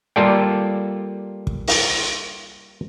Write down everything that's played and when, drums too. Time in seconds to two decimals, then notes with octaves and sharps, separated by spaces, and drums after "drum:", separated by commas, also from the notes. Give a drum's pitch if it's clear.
0.16 G3 A#3 F4 A4 D5 G5
1.47 drum: kick
1.68 drum: open hi-hat